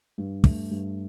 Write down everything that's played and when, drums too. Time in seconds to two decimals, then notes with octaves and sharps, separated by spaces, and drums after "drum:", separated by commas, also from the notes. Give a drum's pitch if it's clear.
0.18 G2
0.44 A3, drum: kick
0.71 G2